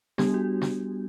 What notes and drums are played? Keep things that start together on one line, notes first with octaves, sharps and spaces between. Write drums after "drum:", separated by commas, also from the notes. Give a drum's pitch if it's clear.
G3 B3 D4 G4, drum: snare
F#4
drum: snare